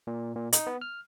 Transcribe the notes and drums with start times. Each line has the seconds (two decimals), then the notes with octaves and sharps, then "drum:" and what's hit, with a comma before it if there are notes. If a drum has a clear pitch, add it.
0.07 A#2
0.35 A#2
0.53 D#4, drum: hi-hat
0.67 B3
0.81 F6